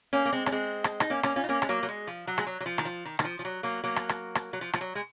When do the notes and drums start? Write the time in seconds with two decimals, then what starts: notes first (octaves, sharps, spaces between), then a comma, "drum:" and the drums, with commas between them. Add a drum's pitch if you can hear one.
0.13 A#3 C#4
0.25 A#3
0.32 G#3 C4
0.46 C#4, drum: rim click
0.51 G#3 C4
0.84 drum: rim click
1.00 D#4, drum: rim click
1.10 A#3 C#4
1.23 A#3 C#4, drum: rim click
1.36 C#4 F4
1.44 D#4
1.49 A#3 C#4
1.62 G#3, drum: rim click
1.69 F#3 A#3
1.83 F#3
1.89 G#3
2.07 F3
2.27 F#3
2.38 G#3, drum: rim click
2.47 F#3
2.61 F#3
2.66 F3
2.78 D#3, drum: rim click
2.85 F3
3.05 D#3
3.19 D#3, drum: rim click
3.24 F3
3.39 F3
3.45 F#3
3.63 F#3 A#3
3.84 F#3 A#3
3.96 drum: rim click
4.09 drum: rim click
4.35 drum: rim click
4.53 F#3
4.61 F3
4.73 F3, drum: rim click
4.81 F#3
4.95 G#3